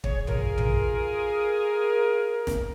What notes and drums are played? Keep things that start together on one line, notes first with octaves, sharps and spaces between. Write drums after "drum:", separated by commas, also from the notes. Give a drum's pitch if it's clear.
G#4 C#5, drum: kick
F4 G#4 A#4, drum: tom
drum: tom
drum: snare